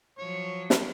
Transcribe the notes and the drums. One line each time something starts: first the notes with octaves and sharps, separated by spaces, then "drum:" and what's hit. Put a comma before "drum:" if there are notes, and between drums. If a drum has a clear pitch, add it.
F3 F#3 C#5
drum: snare